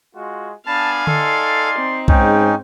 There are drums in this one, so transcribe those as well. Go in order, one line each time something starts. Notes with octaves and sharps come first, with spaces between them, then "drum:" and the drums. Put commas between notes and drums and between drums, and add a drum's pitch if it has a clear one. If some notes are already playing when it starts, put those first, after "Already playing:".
G#3 F4 F#4
B3 D4 F5 G#5 A5 B5
D#4 A4 D5 C6, drum: tom D3
C4
G#2 C#4 D#4 G5, drum: kick B1